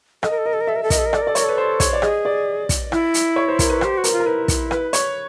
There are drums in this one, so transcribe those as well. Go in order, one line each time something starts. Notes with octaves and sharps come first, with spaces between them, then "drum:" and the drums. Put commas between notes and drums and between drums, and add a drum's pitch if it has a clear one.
A4 D#5, drum: rim click
A#4
A4
A#4 D#5
A4
A#4
A4 E5
A#4
A4
A#4 D#5, drum: kick, hi-hat
A4
A#4
A4 D5, drum: rim click
A#4
A4 D5
A#4 C#5, drum: hi-hat
A4 B4
C5
C#5, drum: kick, hi-hat
D5
G#4 D#5, drum: rim click
D5
drum: kick, hi-hat
E4, drum: rim click
drum: hi-hat
C#5
C5
A#4, drum: kick, hi-hat
B4
G4 C5, drum: rim click
F#4
A#4, drum: hi-hat
F4
A#4
E4 B4
drum: kick, hi-hat
B4, drum: rim click
C#5, drum: hi-hat